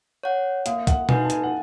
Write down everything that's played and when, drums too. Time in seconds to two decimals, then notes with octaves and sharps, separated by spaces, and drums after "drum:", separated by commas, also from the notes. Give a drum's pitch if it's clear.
0.23 C#5 F#5
0.66 A#3 F5, drum: hi-hat
0.87 F#5, drum: kick, hi-hat
1.09 D#4 F#4 B4 D#5 G#5, drum: tom B2
1.24 A5
1.30 G#5, drum: hi-hat
1.43 F#5